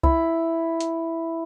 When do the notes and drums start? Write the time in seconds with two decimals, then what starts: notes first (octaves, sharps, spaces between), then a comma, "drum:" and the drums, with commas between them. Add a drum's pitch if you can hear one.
0.03 E4, drum: kick C2
0.80 drum: hi-hat